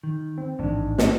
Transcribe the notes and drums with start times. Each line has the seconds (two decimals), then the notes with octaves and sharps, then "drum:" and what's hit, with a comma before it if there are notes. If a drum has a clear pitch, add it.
0.03 D#3
0.38 C4
0.59 A1 G#2 D#3 G#3 D4
0.98 drum: snare